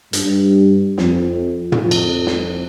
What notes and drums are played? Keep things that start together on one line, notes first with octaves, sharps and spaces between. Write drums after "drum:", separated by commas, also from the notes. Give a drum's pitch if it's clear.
G2, drum: hi-hat
F2, drum: snare
drum: tom
F2
drum: cymbal
drum: snare